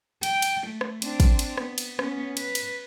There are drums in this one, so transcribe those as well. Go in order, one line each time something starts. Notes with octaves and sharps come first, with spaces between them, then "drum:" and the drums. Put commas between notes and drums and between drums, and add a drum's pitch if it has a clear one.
G5, drum: cymbal
drum: cymbal
A3
drum: rim click
C4 D4, drum: cymbal
drum: kick, cymbal
drum: cymbal
B3, drum: rim click
drum: cymbal
B3 C#4, drum: rim click
B4, drum: cymbal
drum: cymbal